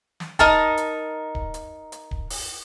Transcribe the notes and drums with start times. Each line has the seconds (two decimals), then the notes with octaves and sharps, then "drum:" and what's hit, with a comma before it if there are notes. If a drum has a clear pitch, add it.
0.20 drum: snare
0.39 D#4 A#4 A5, drum: kick D1
0.77 drum: hi-hat
1.35 drum: kick D1
1.54 drum: hi-hat
1.92 drum: hi-hat
2.11 drum: kick D1
2.30 drum: open hi-hat